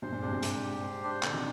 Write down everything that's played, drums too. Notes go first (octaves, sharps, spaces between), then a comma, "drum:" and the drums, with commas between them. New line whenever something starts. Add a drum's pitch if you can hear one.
G2 A#2 C5
G2 A#2
G#2 C3 D4
G2 A#2
G#2 D4, drum: hi-hat
G4
C5
D4
A#2 D3 D4, drum: clap
C3 D#3